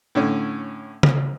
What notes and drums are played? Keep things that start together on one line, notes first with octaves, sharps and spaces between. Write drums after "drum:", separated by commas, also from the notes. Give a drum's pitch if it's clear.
A2 D3 C#4
drum: tom C#3